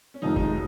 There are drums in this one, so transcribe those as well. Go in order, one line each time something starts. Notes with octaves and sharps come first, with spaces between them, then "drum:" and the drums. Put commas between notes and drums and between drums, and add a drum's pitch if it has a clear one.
C#4
F1 F2 C3 D#3 D#4
D#4, drum: kick F#1
G#3
F#3